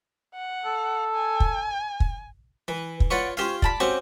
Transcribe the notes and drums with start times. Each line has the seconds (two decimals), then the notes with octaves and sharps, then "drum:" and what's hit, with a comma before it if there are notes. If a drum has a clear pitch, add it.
0.35 F#5
0.65 A4
1.15 G#5
1.40 drum: kick
2.00 drum: kick
2.68 E3 B4
3.00 drum: kick
3.10 F4 B4 C#5 D5 F#5 C#6
3.37 C#4 F4 G4 C5 F5
3.62 D5 A5 B5, drum: kick
3.80 C4 C#4 F#4 G4 C5